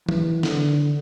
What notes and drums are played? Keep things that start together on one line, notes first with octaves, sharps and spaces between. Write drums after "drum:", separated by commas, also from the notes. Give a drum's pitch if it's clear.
E3, drum: tom
D3, drum: snare